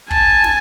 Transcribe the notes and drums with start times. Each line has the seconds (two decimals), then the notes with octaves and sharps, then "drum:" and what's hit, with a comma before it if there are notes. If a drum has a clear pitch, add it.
0.11 G#5 A5, drum: kick
0.44 drum: snare